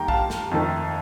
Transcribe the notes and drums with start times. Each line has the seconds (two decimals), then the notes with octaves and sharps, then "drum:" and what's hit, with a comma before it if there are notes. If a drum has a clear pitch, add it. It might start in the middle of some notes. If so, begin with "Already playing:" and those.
Already playing: D#2 D#3 G3 G5 A#5
0.08 F5 A5, drum: kick
0.30 drum: snare
0.51 F2 D#3 A3